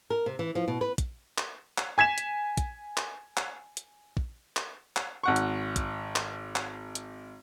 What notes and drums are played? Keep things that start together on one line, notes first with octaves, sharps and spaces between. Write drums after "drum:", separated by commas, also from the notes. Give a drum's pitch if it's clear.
A#4
C3
E3
F3
B2
B4
drum: kick, hi-hat
drum: clap
drum: clap
G#5 G#6 B6 E7
drum: hi-hat
drum: kick, hi-hat
drum: clap
drum: clap
drum: hi-hat
drum: kick
drum: clap
drum: clap
G#1 F#5 C#6
drum: hi-hat
drum: kick, hi-hat
drum: clap
drum: clap
drum: hi-hat